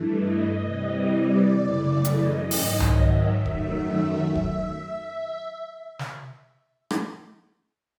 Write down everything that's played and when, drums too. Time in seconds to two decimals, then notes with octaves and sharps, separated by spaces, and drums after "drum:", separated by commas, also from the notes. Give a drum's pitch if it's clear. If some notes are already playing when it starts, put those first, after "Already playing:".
Already playing: G2 E3 A3
0.16 D#5
0.62 C3 E3 G3
1.10 D5
1.57 F#2 C#3 E3 A3
2.04 D#5, drum: hi-hat
2.51 G#2 D#3 F#3 D#5, drum: open hi-hat
2.80 drum: tom C2
2.98 E5
3.46 F#2 D#3 F#3 A3 E5, drum: kick E1
4.35 drum: kick E1
5.99 drum: snare
6.91 drum: rim click